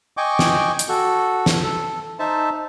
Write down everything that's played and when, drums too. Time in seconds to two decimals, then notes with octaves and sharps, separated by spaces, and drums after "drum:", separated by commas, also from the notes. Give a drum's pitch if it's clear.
0.17 D#5 G5 G#5 C#6 D6
0.39 drum: snare
0.79 drum: hi-hat
0.89 F#4 A4
1.46 drum: snare
1.64 A4
2.19 D#4 C5 E5 A5